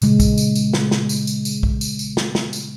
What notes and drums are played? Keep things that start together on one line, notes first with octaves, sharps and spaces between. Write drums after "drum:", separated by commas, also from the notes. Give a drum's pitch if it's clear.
A#2 C#3 G#3, drum: tambourine
drum: kick B1, tambourine
drum: tambourine
drum: tambourine
drum: snare
drum: snare
drum: tambourine
drum: tambourine
drum: tambourine
drum: kick B1
drum: tambourine
drum: tambourine
drum: snare
drum: snare
drum: tambourine